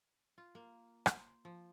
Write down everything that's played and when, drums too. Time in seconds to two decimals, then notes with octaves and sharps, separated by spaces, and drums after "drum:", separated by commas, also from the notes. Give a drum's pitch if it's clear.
0.38 F4
0.55 A#3
1.06 C5, drum: rim click
1.45 F3